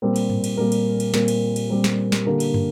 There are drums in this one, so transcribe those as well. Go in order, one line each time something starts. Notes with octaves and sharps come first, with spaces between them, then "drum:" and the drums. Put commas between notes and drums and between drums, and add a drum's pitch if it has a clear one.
A#2 G3 C4 A#4
drum: cymbal
drum: tom G#2
drum: cymbal
A#2 G3 C4 A#4
drum: cymbal
drum: cymbal
A#2 G3 C4 A#4, drum: snare
drum: cymbal
drum: cymbal
A#2 G3 C4 A#4
drum: snare
drum: snare
D3 A#3 G4 A#4
drum: cymbal
drum: tom